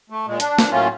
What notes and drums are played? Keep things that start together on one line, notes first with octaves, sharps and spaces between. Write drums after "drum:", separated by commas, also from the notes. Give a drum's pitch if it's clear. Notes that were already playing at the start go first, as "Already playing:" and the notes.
A3
A#2 G#3
D4, drum: hi-hat
drum: snare
A2 F#3 A3 A#3 C#4 F4